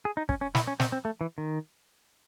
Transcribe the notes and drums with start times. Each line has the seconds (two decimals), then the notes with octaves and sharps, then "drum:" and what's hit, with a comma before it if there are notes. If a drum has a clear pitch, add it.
0.05 G#4
0.17 D#4
0.29 C#4, drum: kick
0.41 C#4
0.55 E4, drum: snare
0.67 C#4
0.80 C4, drum: snare
0.92 C4
1.05 A3
1.21 E3
1.38 D#3